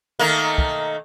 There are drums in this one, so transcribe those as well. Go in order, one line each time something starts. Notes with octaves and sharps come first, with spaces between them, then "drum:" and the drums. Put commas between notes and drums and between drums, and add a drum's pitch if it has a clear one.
D#3 A3 A#3
drum: kick